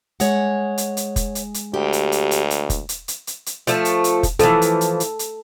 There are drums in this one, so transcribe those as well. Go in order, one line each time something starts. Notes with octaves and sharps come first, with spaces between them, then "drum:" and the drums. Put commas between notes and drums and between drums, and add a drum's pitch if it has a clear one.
G#3 C#5 F#5, drum: hi-hat
drum: hi-hat
drum: hi-hat
drum: kick F1, hi-hat
drum: hi-hat
drum: hi-hat
D2 G4
drum: hi-hat
drum: hi-hat
drum: hi-hat
drum: hi-hat
drum: kick F1, hi-hat
drum: hi-hat
drum: hi-hat
drum: hi-hat
drum: hi-hat
F3 A3, drum: hi-hat
drum: hi-hat
drum: hi-hat
drum: kick F1, hi-hat
E3 F3 A4, drum: hi-hat
drum: hi-hat
drum: hi-hat
drum: hi-hat
drum: hi-hat